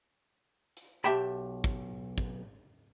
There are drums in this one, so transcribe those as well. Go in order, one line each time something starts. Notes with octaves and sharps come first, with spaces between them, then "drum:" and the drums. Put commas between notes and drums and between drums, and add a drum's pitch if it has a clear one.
drum: hi-hat
B1 G4 E5 G5 A5 B5
drum: kick
drum: kick